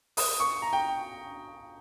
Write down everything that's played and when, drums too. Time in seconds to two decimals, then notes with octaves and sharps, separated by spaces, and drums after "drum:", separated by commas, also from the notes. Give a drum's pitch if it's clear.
0.17 D#6, drum: open hi-hat
0.40 C#6
0.62 A#5
0.73 G5